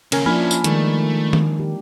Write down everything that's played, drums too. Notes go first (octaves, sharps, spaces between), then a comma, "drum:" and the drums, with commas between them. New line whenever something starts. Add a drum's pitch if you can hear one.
D#2 C#3 C#4 A#4 G#5, drum: cymbal
F3 A#3 C#4 D4 E4 G#5 B5 F6
drum: tambourine
D#3 G#3 A3, drum: hi-hat
drum: tom D#3
G4